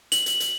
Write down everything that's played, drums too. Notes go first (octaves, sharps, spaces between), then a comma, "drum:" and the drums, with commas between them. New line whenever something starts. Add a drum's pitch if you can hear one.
F#7, drum: hi-hat
drum: hi-hat
drum: hi-hat